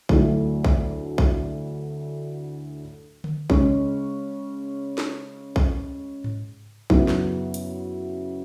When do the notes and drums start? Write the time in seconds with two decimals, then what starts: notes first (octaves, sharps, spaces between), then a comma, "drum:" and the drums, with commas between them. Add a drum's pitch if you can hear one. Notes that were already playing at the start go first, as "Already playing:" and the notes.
0.09 D2 D3 F#3 A3 E4, drum: kick
0.65 drum: kick
1.18 drum: kick
3.24 drum: tom D3
3.50 C#3 G#3 C#4, drum: kick
4.98 drum: snare
5.56 drum: kick
6.24 drum: tom G#2
6.90 F#2 C#3 F#3 B3 E4, drum: kick
7.08 drum: snare
7.54 drum: hi-hat